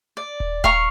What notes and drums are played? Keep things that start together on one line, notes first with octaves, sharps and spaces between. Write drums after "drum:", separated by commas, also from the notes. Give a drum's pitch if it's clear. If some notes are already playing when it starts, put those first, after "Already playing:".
D5
drum: kick D#1
F5 A#5 C#6, drum: kick D#1